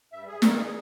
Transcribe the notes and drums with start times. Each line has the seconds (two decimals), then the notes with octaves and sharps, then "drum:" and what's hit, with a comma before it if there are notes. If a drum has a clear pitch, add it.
0.12 G2 G3 E5
0.28 G#4
0.42 G2 D#3 G3 A#4, drum: snare
0.56 G#4